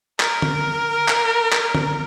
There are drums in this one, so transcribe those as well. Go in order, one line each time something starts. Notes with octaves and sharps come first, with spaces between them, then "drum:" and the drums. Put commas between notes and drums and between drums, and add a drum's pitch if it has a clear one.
A#4, drum: clap
drum: tom D3
drum: clap
drum: clap
drum: tom D3